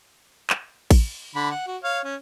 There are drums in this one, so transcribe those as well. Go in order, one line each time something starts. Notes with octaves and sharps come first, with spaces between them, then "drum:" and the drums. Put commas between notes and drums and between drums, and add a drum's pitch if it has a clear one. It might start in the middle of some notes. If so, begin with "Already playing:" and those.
drum: clap
drum: kick A1, cymbal
D3 B5
F#5
F#4
C#5 F5
C#4